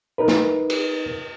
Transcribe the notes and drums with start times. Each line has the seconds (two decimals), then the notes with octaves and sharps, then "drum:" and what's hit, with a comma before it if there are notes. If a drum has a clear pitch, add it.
0.18 D#4 A#4 B4
0.28 drum: snare
0.70 drum: cymbal